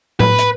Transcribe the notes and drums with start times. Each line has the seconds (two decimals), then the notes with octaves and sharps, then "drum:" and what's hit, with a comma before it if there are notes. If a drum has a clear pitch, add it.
0.20 B4, drum: tom A2
0.39 drum: hi-hat